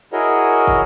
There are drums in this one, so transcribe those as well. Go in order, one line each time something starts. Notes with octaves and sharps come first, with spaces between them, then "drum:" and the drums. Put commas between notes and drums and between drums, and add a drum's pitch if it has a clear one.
E4 F#4 G#4 A#4 C#5 D#5
drum: kick